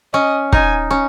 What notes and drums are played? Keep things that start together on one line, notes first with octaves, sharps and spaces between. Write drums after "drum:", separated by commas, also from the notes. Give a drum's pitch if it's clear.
C#4 D#5
D#4 G#5, drum: kick
C#4